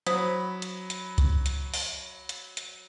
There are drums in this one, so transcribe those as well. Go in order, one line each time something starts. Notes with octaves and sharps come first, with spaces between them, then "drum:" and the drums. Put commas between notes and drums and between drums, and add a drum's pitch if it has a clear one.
F#3 C5 B5 D#6, drum: hi-hat
drum: hi-hat
drum: hi-hat
drum: kick C2, hi-hat
drum: hi-hat
drum: open hi-hat
drum: hi-hat
drum: hi-hat